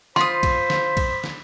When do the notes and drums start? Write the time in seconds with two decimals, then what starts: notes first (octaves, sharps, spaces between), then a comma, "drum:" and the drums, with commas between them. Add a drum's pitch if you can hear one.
0.16 F4 C5 B5 C6 D#6, drum: snare
0.43 drum: kick B1, cymbal
0.70 drum: snare
0.97 drum: kick B1, cymbal
1.24 drum: snare